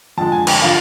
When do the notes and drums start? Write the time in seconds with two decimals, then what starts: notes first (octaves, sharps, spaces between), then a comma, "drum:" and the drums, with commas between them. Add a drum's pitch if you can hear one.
0.18 F2 D3 F3 G#3 A5
0.32 G#5
0.47 G5, drum: cymbal
0.62 D3 F3 F5